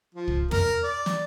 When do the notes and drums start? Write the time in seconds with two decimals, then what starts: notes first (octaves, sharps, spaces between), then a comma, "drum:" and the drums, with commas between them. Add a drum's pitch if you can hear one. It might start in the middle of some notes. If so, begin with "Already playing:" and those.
0.15 F3
0.28 drum: kick
0.51 A#4, drum: tom
0.84 D5
1.06 drum: snare